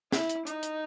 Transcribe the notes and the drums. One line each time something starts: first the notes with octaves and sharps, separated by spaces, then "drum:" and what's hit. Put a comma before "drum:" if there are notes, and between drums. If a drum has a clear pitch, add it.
E4, drum: snare
drum: hi-hat
D#4, drum: hi-hat
drum: hi-hat